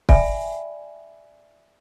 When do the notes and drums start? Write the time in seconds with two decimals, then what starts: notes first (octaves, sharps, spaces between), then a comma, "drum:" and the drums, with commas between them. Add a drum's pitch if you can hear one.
0.09 D5 E5 G5 G#5 B5, drum: kick